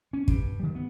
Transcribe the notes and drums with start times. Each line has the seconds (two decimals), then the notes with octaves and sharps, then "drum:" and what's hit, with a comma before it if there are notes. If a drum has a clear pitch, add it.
0.13 C#4
0.28 G2, drum: kick
0.60 D#3 G3
0.75 B3